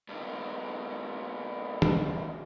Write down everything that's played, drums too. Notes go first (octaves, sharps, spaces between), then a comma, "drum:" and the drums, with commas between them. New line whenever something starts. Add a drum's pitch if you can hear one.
G2 D#3
drum: tom